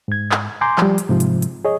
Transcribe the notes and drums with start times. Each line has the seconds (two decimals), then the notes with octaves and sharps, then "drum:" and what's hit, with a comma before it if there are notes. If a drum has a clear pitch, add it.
0.08 G#2 G#6
0.31 drum: clap
0.61 G#5 A#5 C6 D6 G6
0.78 F3 G3, drum: clap
0.98 drum: hi-hat
1.09 G#2 C3 F3
1.20 drum: hi-hat
1.42 drum: hi-hat
1.65 G#4 C#5 D#5